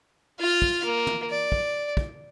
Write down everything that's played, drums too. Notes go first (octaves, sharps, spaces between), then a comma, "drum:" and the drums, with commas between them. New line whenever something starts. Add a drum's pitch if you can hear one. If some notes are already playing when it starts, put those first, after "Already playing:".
F4 F5
drum: kick
A#3
drum: tom
D5
drum: kick
drum: kick